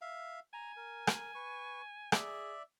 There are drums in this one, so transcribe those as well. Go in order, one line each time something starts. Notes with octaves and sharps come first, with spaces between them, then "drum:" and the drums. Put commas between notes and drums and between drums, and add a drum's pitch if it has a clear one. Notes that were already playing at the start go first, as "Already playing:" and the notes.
E5 F5
G#5 A#5
A#4
drum: rim click
B4 C#6
G#4 D5 E5, drum: rim click